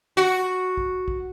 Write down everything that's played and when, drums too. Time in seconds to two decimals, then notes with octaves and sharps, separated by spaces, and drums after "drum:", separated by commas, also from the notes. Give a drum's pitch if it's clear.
0.17 F#4
0.77 drum: kick
1.08 drum: kick